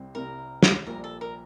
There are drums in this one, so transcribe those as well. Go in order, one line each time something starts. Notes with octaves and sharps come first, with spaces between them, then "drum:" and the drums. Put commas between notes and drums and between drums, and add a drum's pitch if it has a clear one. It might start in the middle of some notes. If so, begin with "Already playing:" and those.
Already playing: C2 C3 G3 C4
C2 C3 G3 C4 A#4
drum: snare
A#1 A#2 G3 A#4
A4
A#4